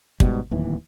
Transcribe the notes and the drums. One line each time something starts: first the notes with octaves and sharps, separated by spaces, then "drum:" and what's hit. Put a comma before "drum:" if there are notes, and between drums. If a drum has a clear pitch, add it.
G#2 B2 G3, drum: kick
D1 D#2 E3